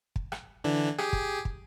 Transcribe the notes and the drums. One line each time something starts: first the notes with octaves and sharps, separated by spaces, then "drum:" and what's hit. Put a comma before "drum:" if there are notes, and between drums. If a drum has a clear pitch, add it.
drum: kick
drum: rim click
D3 E3 D4
G4 G#4, drum: rim click
drum: kick
drum: kick